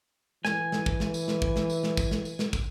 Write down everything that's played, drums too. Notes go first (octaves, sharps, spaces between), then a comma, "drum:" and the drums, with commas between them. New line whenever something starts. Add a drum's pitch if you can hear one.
E3 G#5, drum: snare
drum: snare
drum: kick
drum: snare
drum: tambourine
drum: snare
drum: kick
drum: snare
drum: tambourine
drum: snare
drum: kick, tambourine
drum: snare
drum: tambourine
drum: snare
drum: kick, tambourine